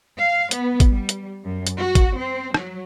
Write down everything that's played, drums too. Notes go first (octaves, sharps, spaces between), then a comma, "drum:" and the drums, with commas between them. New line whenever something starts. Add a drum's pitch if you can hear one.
F5
B3, drum: hi-hat
drum: kick, hi-hat
G3
drum: hi-hat
F#2
drum: hi-hat
F#4
drum: kick, hi-hat
C4
F#3, drum: rim click